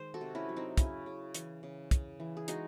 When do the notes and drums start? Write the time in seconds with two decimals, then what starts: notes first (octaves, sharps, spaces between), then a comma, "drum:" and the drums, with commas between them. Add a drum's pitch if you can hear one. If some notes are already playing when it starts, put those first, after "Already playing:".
Already playing: D#3 G#3 C5
0.14 F#4 A4
0.21 C3
0.35 C#4 E4
0.49 F#3
0.57 C4 D#4
0.77 C#3 C#4 E4, drum: kick, hi-hat
1.06 C#3
1.35 E3, drum: hi-hat
1.63 C#3
1.91 C#3, drum: kick, hi-hat
2.20 E3
2.37 G#4
2.48 G#3 D#4 F#4, drum: hi-hat